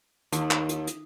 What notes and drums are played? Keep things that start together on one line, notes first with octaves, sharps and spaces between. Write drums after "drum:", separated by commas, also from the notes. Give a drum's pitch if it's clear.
D#2, drum: hi-hat
drum: clap
drum: hi-hat
drum: hi-hat